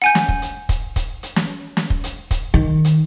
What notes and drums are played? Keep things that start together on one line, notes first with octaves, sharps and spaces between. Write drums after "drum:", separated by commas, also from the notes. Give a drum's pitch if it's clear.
F#5 G#5 G6
drum: snare
drum: kick
drum: hi-hat
drum: kick, hi-hat
drum: kick, hi-hat
drum: hi-hat
drum: snare
drum: snare
drum: kick
drum: hi-hat
drum: kick, hi-hat
D#3
drum: hi-hat